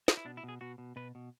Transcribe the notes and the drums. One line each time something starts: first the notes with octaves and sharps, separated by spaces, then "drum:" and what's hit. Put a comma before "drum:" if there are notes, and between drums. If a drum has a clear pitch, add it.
F#4, drum: snare
E4
B2 D4
E4
B2
G#4
B2 F#4
B2
B2 B4
B2